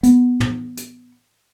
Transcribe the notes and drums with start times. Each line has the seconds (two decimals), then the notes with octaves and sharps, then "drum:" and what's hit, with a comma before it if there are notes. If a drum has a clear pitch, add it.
0.03 B3, drum: hi-hat
0.40 drum: tom
0.77 drum: hi-hat